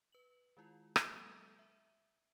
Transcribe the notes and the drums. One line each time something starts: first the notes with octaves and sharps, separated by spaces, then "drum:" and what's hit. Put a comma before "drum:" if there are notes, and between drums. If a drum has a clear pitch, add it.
B4 F#7
D#3 G#3 E4 F4
F#3 G#3 A#3 A4 E5 A5, drum: rim click
E5